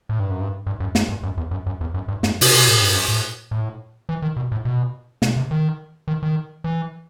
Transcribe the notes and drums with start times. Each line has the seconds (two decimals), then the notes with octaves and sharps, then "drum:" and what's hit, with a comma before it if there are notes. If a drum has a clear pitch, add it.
0.09 A2
0.20 G2
0.30 F#2
0.41 G2
0.67 G2
0.80 F#2
0.95 F#2, drum: snare
1.09 G2
1.23 F#2
1.37 E2
1.51 F#2
1.66 F#2
1.81 E2
1.94 F#2
2.08 G2
2.23 F#2, drum: snare
2.41 C3, drum: open hi-hat
2.54 B2
2.68 A2
2.81 G2
2.94 F#2
3.08 A2
3.51 A2
4.09 E3
4.22 D#3
4.37 B2
4.52 A2
4.65 B2
5.22 B2, drum: snare
5.36 C3
5.51 D#3
6.08 D#3
6.23 D#3
6.64 E3